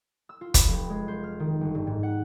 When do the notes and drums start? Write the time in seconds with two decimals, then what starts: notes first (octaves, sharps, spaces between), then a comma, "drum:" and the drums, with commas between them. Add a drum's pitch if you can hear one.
0.29 E6
0.41 F4
0.54 B5, drum: kick, hi-hat
0.68 F1
0.90 G#3
1.08 C5
1.23 F6
1.40 D#3
1.61 G1
1.75 G2
1.87 G#2
2.03 F#5